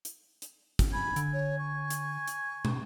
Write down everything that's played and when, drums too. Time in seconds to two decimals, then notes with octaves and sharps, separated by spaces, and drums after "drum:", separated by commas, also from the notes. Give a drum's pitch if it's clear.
0.05 drum: hi-hat
0.42 drum: hi-hat
0.79 drum: kick, hi-hat
0.93 G#5 B5
1.16 D3, drum: hi-hat
1.33 C#5
1.59 C#6
1.90 drum: hi-hat
2.28 drum: hi-hat
2.65 drum: tom